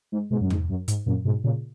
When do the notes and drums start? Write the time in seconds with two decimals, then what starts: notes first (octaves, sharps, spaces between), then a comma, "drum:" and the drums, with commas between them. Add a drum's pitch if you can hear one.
0.12 G#2
0.30 G#2 B2
0.41 F#2
0.50 G#2, drum: tom E2
0.69 F#2
0.88 G#2, drum: hi-hat
1.06 F#2 A#2
1.25 G#2 B2
1.44 A#2 C#3